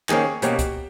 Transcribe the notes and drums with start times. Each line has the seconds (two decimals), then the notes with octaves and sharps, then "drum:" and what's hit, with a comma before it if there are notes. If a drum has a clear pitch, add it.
0.09 D#3 A#3 C#4 G#4, drum: clap
0.42 B2 A#3 C#4 G4, drum: hi-hat
0.59 drum: kick, hi-hat